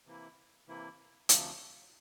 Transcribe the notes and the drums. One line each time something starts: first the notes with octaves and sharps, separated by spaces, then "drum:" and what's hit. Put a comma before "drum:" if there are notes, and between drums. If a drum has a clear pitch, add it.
C3 E3 A#3 E4
C3 E3 A#3 E4
D2 C3 F3, drum: hi-hat